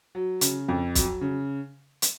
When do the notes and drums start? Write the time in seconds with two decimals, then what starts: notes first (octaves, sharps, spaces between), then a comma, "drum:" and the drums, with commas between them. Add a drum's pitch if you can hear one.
0.15 F#3
0.41 C#3, drum: hi-hat
0.68 F2
0.95 F#3, drum: kick, hi-hat
1.21 C#3
2.02 drum: hi-hat